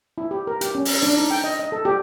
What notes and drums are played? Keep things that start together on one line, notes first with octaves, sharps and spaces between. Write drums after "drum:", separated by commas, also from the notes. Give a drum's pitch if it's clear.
E4
G4
A#4
G4, drum: hi-hat
C#4
drum: open hi-hat
D4
D#4
G5
D#5
D#5
A4
G4